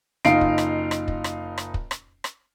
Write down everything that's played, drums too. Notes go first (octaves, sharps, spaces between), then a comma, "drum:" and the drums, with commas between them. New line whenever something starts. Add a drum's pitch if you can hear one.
F#1 D#4 F4 F5 C7 D7, drum: rim click
drum: kick
drum: rim click
drum: rim click
drum: kick
drum: rim click
drum: rim click
drum: kick
drum: rim click
drum: rim click